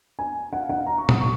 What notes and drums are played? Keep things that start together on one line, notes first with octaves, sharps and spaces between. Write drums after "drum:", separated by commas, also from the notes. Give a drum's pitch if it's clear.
G#5
F#5
F5
F#5
F5
A#5
C#6
D#6, drum: tom
C#6